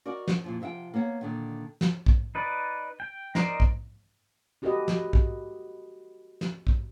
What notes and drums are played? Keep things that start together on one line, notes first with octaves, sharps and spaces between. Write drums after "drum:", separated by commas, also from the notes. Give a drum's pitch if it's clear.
F#4 A#4 D5 D#5 F#5
drum: snare
F2 A#2 F3
C3 F3 E5 F#5 G5
A#3 B3 C#5 F#5
A#2 D3 D#3
drum: snare
drum: kick
D#4 B4 D5
G5
D#4 A#4 C5 D5 D#5, drum: snare
drum: kick
D#4 F#4 G4 A4 B4 D#5
drum: snare
drum: kick
drum: snare
drum: kick